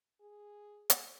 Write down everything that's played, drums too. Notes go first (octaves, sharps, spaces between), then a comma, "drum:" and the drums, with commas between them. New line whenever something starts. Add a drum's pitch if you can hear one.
G#4
drum: hi-hat